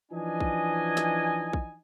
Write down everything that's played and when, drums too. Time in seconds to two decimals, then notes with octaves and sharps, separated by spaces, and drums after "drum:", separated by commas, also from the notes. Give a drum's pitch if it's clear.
0.12 E3 F3 D4 D#4 D#5 G#5
0.40 drum: kick
0.97 drum: snare
1.53 drum: kick